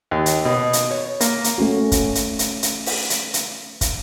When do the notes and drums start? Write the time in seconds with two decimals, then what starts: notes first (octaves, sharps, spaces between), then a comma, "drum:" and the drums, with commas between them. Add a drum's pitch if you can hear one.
0.11 D#2
0.26 drum: hi-hat
0.45 B2
0.73 drum: hi-hat
0.91 C#5
1.21 A#3, drum: hi-hat
1.44 drum: hi-hat
1.58 A3 C#4 F#4
1.92 drum: kick, hi-hat
2.15 drum: hi-hat
2.39 drum: hi-hat
2.63 drum: hi-hat
2.86 drum: open hi-hat
3.10 drum: hi-hat
3.34 drum: hi-hat
3.81 drum: kick, hi-hat